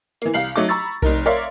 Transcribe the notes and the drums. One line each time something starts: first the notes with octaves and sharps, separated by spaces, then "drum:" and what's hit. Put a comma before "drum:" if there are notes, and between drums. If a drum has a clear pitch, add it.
E3 A#3, drum: hi-hat
C2 F5 C7 F#7
F#3 A3 D#4 D6
A#5 B5 C#6 E6 A6
F1 D#4 A#4, drum: kick B1
A#4 C#5 D5 E5 F5 C6